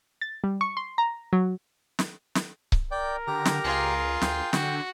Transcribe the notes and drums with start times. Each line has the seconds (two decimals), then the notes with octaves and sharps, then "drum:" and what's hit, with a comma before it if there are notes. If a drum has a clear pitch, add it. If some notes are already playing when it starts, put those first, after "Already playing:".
0.21 A6
0.44 G3
0.61 C#6
0.77 C6
0.98 A#5
1.33 F#3
1.99 drum: snare
2.35 drum: snare
2.72 drum: kick C#1
2.91 A#4 D5 G5
3.27 D3 G4 A#5
3.45 drum: snare
3.64 C#2 F4 G#4
4.21 D2 G5, drum: snare
4.53 D3 F#4, drum: snare